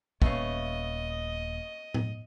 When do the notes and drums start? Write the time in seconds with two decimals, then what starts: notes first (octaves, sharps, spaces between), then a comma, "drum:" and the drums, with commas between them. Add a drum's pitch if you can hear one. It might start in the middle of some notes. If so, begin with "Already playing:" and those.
0.22 D#1 A3 B3 C#4 D#5 F5, drum: kick
1.94 drum: tom A2